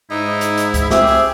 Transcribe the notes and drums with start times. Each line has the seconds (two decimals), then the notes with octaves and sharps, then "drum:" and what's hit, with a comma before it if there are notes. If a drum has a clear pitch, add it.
0.11 G#2 D#4 E4
0.41 drum: hi-hat
0.57 drum: hi-hat
0.74 drum: kick C2, hi-hat
0.90 C4 G4 G#4 E5, drum: snare
1.07 drum: open hi-hat